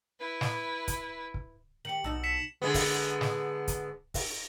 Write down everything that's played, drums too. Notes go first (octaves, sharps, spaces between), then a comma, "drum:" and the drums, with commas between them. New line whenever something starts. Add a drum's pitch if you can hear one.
E4 B4
drum: snare
drum: kick, hi-hat
drum: kick
D#3 G4 C#7 F#7
B1 B2 D#4 F#4 A5 E6
B6 C#7 E7
D3 G#3 B3
drum: kick, open hi-hat
drum: snare
drum: kick, hi-hat
drum: kick, open hi-hat